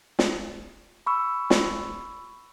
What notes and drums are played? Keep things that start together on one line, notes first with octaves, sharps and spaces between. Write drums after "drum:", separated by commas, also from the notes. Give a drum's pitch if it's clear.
drum: snare
B5 C#6 E6
drum: snare